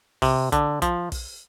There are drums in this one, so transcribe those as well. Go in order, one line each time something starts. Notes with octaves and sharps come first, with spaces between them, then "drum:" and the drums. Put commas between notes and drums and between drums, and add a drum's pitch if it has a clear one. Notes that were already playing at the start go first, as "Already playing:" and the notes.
C3, drum: kick, open hi-hat
D3, drum: kick, hi-hat
F3, drum: kick, hi-hat
drum: kick, open hi-hat